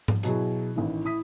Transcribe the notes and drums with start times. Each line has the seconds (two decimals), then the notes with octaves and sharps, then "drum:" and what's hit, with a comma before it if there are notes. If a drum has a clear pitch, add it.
0.08 drum: tom G#2
0.23 B2 F#3 E4 G#4, drum: hi-hat
0.76 A1 D#3 E3
1.04 A2 E4 D#6 B6